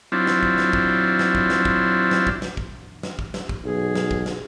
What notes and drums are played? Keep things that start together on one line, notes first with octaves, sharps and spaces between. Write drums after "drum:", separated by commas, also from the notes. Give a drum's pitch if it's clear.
F#3 C4 D4 E4 F4
drum: snare
drum: kick
drum: snare
drum: kick
drum: snare
drum: kick
drum: snare
drum: kick
drum: snare
drum: kick
drum: snare
drum: kick
drum: snare
drum: kick
drum: snare
drum: kick
B1 G#4
drum: snare
drum: kick
drum: snare